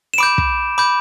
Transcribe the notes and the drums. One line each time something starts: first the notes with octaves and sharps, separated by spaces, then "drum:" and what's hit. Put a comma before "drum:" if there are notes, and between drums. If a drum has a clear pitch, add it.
E7
B5 D6 G6 D7
drum: kick
B5 D6 G6